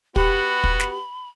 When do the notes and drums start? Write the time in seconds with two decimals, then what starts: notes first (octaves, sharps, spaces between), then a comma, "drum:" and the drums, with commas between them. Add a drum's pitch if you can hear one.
0.16 B3 F#4 G4 B5, drum: kick
0.64 drum: kick
0.80 drum: snare